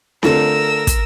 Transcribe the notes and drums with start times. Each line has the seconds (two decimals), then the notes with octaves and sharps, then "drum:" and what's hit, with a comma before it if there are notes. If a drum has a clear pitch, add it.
0.23 D3 A3 F4 A#4 E6 A#6, drum: snare C4
0.87 drum: kick, hi-hat